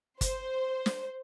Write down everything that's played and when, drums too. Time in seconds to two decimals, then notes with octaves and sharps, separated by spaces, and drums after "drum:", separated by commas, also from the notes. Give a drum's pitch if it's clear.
0.21 C5, drum: kick G1, hi-hat
0.86 drum: snare